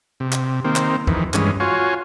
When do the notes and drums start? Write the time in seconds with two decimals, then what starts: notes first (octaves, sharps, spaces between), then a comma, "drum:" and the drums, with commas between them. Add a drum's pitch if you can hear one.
0.20 C3
0.32 drum: clap
0.65 D#3 A#3 C4
0.76 drum: clap
1.07 F2 D#3 E3, drum: kick
1.34 G2 E3 G#3 C#4, drum: clap
1.60 F4 F#4 C#5 G#5